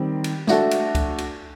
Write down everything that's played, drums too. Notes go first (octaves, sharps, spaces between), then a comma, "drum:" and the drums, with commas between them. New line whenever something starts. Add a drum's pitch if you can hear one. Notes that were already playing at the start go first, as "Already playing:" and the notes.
Already playing: D#3 G3 C4
drum: cymbal
A3 D4 F#4 A4, drum: snare
drum: cymbal
drum: kick C#2, cymbal
drum: cymbal